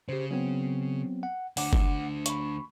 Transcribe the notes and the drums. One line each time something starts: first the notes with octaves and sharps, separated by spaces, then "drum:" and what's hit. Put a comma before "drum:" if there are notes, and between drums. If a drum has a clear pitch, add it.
C#3 G4 C5
F#3 B3 C4
F#5
D2 D3 F#5 D6, drum: open hi-hat
drum: kick F#1
B5 C#6, drum: hi-hat